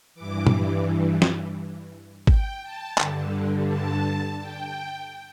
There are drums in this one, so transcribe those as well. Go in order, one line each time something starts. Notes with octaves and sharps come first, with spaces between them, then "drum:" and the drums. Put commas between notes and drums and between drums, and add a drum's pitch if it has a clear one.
G2 E3 D6
drum: tom A#2
drum: snare
G5, drum: kick G#1
A5
G2 D3, drum: clap
A5
G5